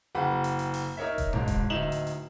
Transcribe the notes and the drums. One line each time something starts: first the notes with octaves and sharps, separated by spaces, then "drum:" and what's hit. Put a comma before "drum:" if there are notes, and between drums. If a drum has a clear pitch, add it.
F#1 F#5 B5
drum: hi-hat
drum: hi-hat
drum: open hi-hat
D#4 A#4 C#5 E5
drum: kick D#1, hi-hat
E1 G#2, drum: tom F#2
drum: kick D#1, hi-hat
D1 D#4 E5 E7 F#7
drum: hi-hat
drum: hi-hat